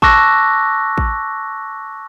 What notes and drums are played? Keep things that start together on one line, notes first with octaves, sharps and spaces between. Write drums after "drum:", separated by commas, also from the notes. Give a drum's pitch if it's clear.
A5 C#6 D6 E6 F#6 A#6, drum: kick A1
drum: kick A1